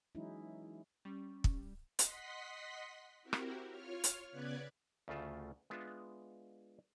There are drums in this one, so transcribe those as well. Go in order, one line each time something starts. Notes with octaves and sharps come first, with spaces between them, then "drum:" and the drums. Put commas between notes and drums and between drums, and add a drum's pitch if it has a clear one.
E3 F#3 G#3 C#4 D#4 E4
G3 C#4
drum: kick
D#5 F#5 C6 B6, drum: hi-hat
C4 E4 F#4 G4 A#4
drum: rim click
F4 C#5 F6
drum: hi-hat
C#3 B3 B4 D5 F#6 G#6
D2 C#3 A3 F4 A5
G#3 B3 D4 F4 E5